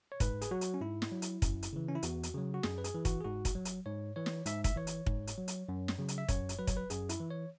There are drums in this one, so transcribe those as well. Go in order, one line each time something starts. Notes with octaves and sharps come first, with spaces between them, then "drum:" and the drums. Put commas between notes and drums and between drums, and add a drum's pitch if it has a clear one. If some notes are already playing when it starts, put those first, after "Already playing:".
C#5
G#2 B4, drum: kick, hi-hat
G#4, drum: hi-hat
F#3 F#4
drum: hi-hat
C#4
G#2 E4
drum: snare
F#3
drum: hi-hat
F#2, drum: kick, hi-hat
drum: hi-hat
C#3 E3
C#4
E4
E2 F#4, drum: hi-hat
drum: hi-hat
C#3 F#3
F#4
F#2 G#4, drum: snare
B4
G#4, drum: hi-hat
E3
F#4, drum: kick, hi-hat
G#4
G#2 F#4
drum: kick, hi-hat
F#3
drum: hi-hat
G#2 C#5
E3 C#5
drum: snare
G#2 E5, drum: hi-hat
E5, drum: kick, hi-hat
E3 C#5
drum: hi-hat
G#2, drum: kick
drum: hi-hat
F#3
drum: hi-hat
F#2
drum: snare
C#3 F#3
drum: hi-hat
E5
F#2 C#5, drum: kick, hi-hat
drum: hi-hat
F#3 B4
C#5, drum: kick, hi-hat
B4
F#2 G#4, drum: hi-hat
E4, drum: hi-hat
E3
C#5